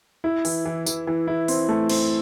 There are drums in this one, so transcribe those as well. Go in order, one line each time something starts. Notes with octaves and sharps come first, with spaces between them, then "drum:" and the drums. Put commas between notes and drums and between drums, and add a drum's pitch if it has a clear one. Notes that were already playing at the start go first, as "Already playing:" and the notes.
E4
E3, drum: open hi-hat
E3
E3, drum: tambourine
E3
E4
C4, drum: open hi-hat
A3
C4, drum: cymbal